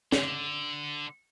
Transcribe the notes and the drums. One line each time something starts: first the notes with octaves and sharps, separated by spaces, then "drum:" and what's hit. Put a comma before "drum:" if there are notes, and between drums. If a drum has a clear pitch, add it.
D3, drum: snare